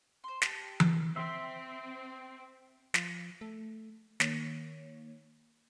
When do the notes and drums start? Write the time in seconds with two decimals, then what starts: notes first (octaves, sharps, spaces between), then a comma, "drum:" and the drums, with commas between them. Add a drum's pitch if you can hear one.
0.24 C5 C6
0.42 G4 A5, drum: snare
0.80 drum: tom E3
1.16 C4 E5 C6
2.94 F3, drum: snare
3.41 A3
4.20 D#3 A#3 C#5, drum: snare